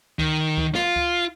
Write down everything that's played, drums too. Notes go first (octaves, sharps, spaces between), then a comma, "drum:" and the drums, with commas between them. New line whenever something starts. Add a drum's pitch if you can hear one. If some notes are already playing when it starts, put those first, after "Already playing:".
D#3, drum: kick C#2
drum: kick C#2
F4, drum: snare
drum: kick C#2